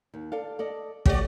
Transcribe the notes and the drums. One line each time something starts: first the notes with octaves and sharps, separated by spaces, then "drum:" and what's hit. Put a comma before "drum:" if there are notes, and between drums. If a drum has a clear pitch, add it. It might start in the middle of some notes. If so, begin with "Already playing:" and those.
D#2
A4 D5 F5
A4 D5 D#5
A3 F#4 G4 C#5 D5, drum: kick